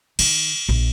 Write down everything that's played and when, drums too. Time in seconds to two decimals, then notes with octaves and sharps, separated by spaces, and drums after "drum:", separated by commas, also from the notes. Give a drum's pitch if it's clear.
0.19 D#3, drum: cymbal
0.69 A#1